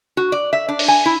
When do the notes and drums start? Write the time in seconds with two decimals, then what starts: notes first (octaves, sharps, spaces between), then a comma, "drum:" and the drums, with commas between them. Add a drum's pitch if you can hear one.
0.17 F#4
0.32 D5
0.53 E5
0.69 D4
0.79 drum: open hi-hat
0.88 G#5
1.06 E4